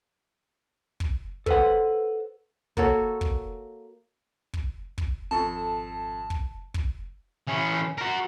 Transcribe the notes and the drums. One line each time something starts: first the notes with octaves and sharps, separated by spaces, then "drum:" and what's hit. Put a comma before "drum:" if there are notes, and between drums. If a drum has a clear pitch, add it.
drum: kick
A4 B4 C5 F#5, drum: kick
A#3 F#4 A4 C#5, drum: kick
drum: kick
drum: kick
drum: kick
G#1 F2 A4 A5 C#6
drum: kick
drum: kick
E3 C#4
F#4 A#4